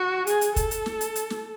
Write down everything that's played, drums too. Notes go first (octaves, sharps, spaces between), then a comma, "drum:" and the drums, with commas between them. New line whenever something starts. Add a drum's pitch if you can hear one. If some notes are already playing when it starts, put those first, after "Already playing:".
Already playing: F#4
G#4, drum: hi-hat
drum: hi-hat
A4, drum: kick, hi-hat
drum: hi-hat
drum: snare
drum: hi-hat
drum: hi-hat
drum: snare